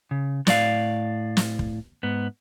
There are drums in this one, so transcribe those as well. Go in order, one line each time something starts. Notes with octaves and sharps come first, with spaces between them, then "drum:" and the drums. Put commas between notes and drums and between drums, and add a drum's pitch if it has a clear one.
C#3
A2 D5 F5, drum: snare
drum: snare
drum: kick
G#2 B3